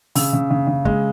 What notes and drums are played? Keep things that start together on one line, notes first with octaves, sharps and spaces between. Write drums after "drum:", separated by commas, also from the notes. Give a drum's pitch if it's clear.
C#3 E6, drum: open hi-hat
C#3
C#3
C#3
G#3, drum: kick